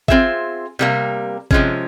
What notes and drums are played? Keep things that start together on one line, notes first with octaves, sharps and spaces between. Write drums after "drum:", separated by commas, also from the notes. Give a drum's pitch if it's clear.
C4 F4 G#4 E5, drum: kick G#1
C3 G3 A#3
C3 F3 G#3 C#4, drum: kick G#1